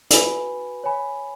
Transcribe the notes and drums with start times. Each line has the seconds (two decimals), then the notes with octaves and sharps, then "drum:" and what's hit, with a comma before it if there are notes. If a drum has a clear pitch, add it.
0.11 F#4 B4 G#5 B5, drum: hi-hat
0.84 C#5 G#5 B5